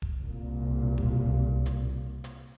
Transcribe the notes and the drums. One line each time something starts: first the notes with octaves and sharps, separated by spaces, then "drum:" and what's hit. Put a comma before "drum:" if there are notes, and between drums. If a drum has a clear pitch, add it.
drum: kick E1
C2 A#2
drum: kick E1
drum: hi-hat
drum: hi-hat